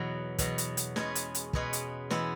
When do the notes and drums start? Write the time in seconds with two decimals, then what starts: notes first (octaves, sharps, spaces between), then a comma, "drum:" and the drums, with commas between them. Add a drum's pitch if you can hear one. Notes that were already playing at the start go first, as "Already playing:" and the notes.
Already playing: E2 B2 F#3
0.38 E2 B2 F#3, drum: kick, hi-hat
0.58 drum: hi-hat
0.77 drum: hi-hat
0.96 B2 G#3 C#4 G#4 B4, drum: snare
1.15 drum: hi-hat
1.35 drum: hi-hat
1.53 B2 G#3 C#4 G#4 B4, drum: kick
1.73 drum: hi-hat
2.10 E3 G#3 B3 E4, drum: snare